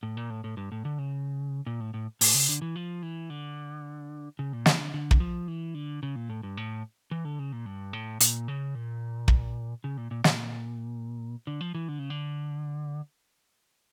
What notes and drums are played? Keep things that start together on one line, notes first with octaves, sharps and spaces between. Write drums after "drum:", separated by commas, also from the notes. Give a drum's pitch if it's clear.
A2
A#2
A2
A2
G2
A2
D3
C#3
A#2
A2
A2
A2, drum: open hi-hat
C#3
D3
E3
F3
E3
D3
C#3
A#2
C#3, drum: snare
E3
D3
D3
drum: kick
F3
E3
D3
C#3
A#2
A2
G2
A2
E3
D3
C#3
A#2
G2
A2
A#2, drum: hi-hat
C#3
A#2
drum: kick
C#3
A#2
A#2
A#2, drum: snare
D3
F3
E3
D3
C#3
D3